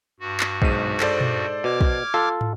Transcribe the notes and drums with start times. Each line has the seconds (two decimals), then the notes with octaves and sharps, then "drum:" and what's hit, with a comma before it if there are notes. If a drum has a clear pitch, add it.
0.20 G2 F#4
0.40 drum: clap
0.62 B1 G#2 D#7, drum: kick
1.00 A4 C5 D5, drum: clap
1.20 drum: tom A#2
1.64 B2 D6 F6 G#6
1.81 drum: kick
2.14 F4 A4 F5
2.41 drum: tom